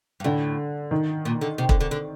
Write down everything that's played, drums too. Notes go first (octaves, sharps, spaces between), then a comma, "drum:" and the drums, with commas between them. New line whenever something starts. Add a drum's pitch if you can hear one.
G2
A2 D3
D#3
A#2
D3
C3
D3, drum: kick
D3
D3